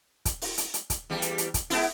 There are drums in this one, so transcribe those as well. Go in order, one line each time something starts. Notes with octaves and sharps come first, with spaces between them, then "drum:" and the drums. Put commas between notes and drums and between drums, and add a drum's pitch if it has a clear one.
drum: kick, hi-hat
drum: open hi-hat
drum: hi-hat
drum: hi-hat
drum: kick, hi-hat
E2 G3 G4
drum: hi-hat
drum: hi-hat
drum: kick, hi-hat
G#3 B3 E4, drum: open hi-hat